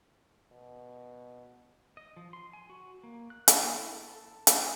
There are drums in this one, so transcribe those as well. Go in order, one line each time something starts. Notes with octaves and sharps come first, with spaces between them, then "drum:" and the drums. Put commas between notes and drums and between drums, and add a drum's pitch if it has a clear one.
B2
D#5
F3
C6
G#5
F#4
A#3
F#6
F#4, drum: hi-hat
A#3
E4
A4
drum: hi-hat
E5